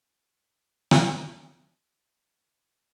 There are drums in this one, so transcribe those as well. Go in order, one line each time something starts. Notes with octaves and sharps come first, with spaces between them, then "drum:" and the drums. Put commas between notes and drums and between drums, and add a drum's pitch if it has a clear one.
D4 D#4 C#5 F#5 A#5
drum: rim click